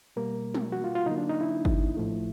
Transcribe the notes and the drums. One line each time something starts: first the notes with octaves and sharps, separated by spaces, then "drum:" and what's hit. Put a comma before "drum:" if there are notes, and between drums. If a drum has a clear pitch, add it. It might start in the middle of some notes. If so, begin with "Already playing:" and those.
B2 G3 A#3 A#4
drum: tom
F#4
F4
F4
D3 F#3 A#3 D#4
D4
D#4
E4
drum: kick G1
A2 F3 A3